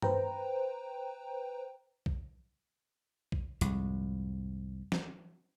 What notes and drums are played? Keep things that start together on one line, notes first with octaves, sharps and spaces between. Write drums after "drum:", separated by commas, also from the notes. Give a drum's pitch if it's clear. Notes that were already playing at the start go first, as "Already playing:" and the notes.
B4 C5 G5 A#5, drum: tom G2
drum: kick B1
drum: kick B1
C2 F2 G#2, drum: hi-hat
drum: snare